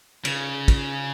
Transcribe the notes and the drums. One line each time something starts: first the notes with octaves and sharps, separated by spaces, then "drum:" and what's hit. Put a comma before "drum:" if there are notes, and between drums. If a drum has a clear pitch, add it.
C#3, drum: cymbal
drum: kick, cymbal